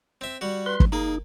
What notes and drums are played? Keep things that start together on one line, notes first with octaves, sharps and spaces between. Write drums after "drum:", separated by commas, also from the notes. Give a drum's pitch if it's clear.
C4 E5
G3 F#4
B4 C6
drum: kick
A#3 D#4 G#4